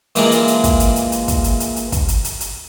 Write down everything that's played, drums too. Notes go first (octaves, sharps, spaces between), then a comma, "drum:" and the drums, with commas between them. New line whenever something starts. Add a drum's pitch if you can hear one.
A#2 E3 G#3 A#3 D4, drum: hi-hat
drum: hi-hat
drum: hi-hat
drum: kick, hi-hat
drum: hi-hat
drum: hi-hat
drum: hi-hat
drum: kick, hi-hat
drum: hi-hat
drum: hi-hat
drum: hi-hat
drum: kick, hi-hat
drum: hi-hat
drum: hi-hat
drum: hi-hat